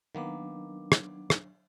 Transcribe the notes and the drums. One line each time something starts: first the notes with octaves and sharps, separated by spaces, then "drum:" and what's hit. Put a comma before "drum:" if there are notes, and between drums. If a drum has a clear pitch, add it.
D#3 F#3 A#3 B3 D4
drum: rim click
drum: rim click